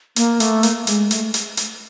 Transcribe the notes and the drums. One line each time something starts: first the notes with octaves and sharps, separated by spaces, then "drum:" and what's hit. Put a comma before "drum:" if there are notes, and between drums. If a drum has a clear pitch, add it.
A#3, drum: hi-hat
A3, drum: hi-hat
A#3, drum: hi-hat
G#3, drum: hi-hat
A3, drum: hi-hat
drum: hi-hat
drum: hi-hat